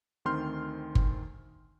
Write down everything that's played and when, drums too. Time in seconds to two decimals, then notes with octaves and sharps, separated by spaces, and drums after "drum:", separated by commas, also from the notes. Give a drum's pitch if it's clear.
0.25 D2 D#3 C4 C6 F6 G6
0.95 drum: kick G1